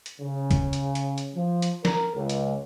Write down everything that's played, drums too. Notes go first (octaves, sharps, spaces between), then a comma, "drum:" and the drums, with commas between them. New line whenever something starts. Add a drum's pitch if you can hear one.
drum: hi-hat
C#3
drum: kick, hi-hat
drum: hi-hat
drum: hi-hat
drum: hi-hat
F3
drum: hi-hat
A#4, drum: snare
C#2
drum: hi-hat